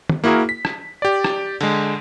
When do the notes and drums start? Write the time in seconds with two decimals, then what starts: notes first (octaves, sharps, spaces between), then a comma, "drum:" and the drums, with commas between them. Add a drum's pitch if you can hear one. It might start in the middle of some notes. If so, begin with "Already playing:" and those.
0.09 drum: tom
0.24 A#3 E4 F#4 G#4 A#4
0.49 B6
0.65 drum: rim click
1.02 G4 D5
1.24 drum: rim click
1.61 D3 G#3, drum: cymbal